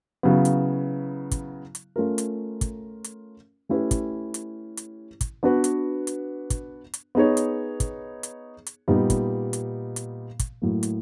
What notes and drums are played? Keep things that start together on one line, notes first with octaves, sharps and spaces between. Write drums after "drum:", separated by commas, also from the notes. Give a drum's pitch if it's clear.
C#3 F#3 B3 E4
drum: hi-hat
drum: kick, hi-hat
drum: hi-hat
A3 C#4 F4 A#4
drum: hi-hat
drum: kick, hi-hat
drum: hi-hat
A3 C#4 E4 G4 B4
drum: kick, hi-hat
drum: hi-hat
drum: hi-hat
drum: kick, hi-hat
B3 D4 F#4 B4
drum: hi-hat
drum: hi-hat
drum: kick, hi-hat
drum: hi-hat
B3 D#4 G#4 C#5
drum: hi-hat
drum: kick, hi-hat
drum: hi-hat
drum: hi-hat
A#2 G3 B3 D#4
drum: kick, hi-hat
drum: hi-hat
drum: hi-hat
drum: kick, hi-hat
A2 F#3 A#3
drum: hi-hat